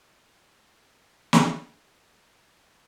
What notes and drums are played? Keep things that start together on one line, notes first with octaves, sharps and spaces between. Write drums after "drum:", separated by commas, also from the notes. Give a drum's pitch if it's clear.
E3 A#4
drum: snare